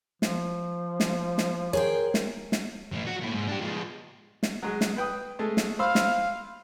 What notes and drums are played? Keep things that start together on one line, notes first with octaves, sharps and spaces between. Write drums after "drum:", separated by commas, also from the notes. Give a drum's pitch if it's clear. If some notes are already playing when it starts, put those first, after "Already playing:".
F3, drum: snare
drum: snare
drum: snare
G#4 A#4 C5 C#5 G5
drum: snare
drum: snare
A2 E3
F#4
A#2 E4
G#2
D4 G4
F3 G#3
drum: snare
F#3 G#3
drum: snare
B4 G5 D#6
G#3 A3
drum: snare
C5 F5 B5 E6
drum: snare